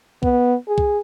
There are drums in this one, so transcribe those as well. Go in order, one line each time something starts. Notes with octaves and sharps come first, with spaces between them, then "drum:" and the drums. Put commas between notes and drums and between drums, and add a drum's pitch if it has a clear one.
B3, drum: kick B1
G#4
drum: kick B1